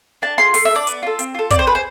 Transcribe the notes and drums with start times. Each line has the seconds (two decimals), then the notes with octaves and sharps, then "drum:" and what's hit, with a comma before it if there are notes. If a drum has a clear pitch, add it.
0.22 D4 A5
0.38 F4 G#4 C6
0.54 A3 C6, drum: open hi-hat
0.65 E5
0.71 A4
0.75 D4 D5
0.87 B3, drum: hi-hat
1.03 F4 A4
1.19 C4, drum: hi-hat
1.35 F4 A4
1.50 C4 D5, drum: kick, hi-hat
1.59 C5
1.66 G#4 B4
1.75 C5